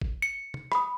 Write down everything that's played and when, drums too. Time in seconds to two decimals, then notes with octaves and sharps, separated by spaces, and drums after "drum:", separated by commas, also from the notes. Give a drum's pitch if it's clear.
0.02 drum: kick G1
0.22 C#7
0.54 drum: tom
0.72 B5 D#6, drum: rim click